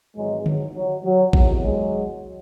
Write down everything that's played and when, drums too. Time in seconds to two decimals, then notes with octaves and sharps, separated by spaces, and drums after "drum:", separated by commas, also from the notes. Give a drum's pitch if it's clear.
0.16 G#1 G#2 E3 F#3 G#3
0.46 F#3, drum: tom D3
0.75 F#3
1.04 F#3
1.33 E2 C3 D#3 F#3, drum: kick A1
1.63 F#3 G#3